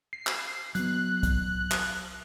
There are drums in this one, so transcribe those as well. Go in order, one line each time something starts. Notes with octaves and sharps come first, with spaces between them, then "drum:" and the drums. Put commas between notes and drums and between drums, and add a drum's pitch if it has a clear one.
C7
drum: clap
F#3 B3 F#6, drum: hi-hat
drum: kick, hi-hat
drum: clap